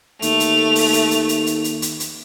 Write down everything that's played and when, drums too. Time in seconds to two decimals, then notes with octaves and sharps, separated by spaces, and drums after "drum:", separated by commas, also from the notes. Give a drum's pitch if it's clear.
0.22 D#2 A3 F7, drum: hi-hat
0.40 drum: hi-hat
0.75 drum: open hi-hat
0.93 drum: hi-hat
1.11 drum: hi-hat
1.29 drum: hi-hat
1.47 drum: hi-hat
1.64 drum: hi-hat
1.82 drum: hi-hat
2.00 drum: hi-hat